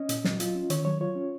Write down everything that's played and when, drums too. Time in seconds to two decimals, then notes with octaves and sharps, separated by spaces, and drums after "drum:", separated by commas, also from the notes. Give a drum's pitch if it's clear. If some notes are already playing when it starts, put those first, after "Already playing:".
Already playing: C#4 D#5
0.09 A#2, drum: hi-hat
0.24 F#3, drum: snare
0.40 F4, drum: hi-hat
0.55 C#4
0.70 D#3 C#5, drum: hi-hat
0.85 F#3 C#5
1.01 F4 C#5
1.16 C#4